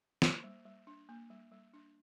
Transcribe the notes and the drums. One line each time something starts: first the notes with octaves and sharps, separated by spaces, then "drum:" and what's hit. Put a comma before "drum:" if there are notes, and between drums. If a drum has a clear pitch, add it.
A#3 C5, drum: snare
G3
G3
D4
A#3
G3
G3
D4